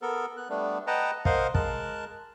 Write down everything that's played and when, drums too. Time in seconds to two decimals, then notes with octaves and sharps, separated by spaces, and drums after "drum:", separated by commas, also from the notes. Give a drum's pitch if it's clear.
0.02 B3 A4 A#4
0.37 B3 F#6
0.50 G3 A3 B3 D4
0.87 B4 D#5 F#5 G5 A5 A#5
1.25 A#4 C5 D#5 F5 F#5, drum: kick
1.55 G#3 A#4 A5 F#6, drum: kick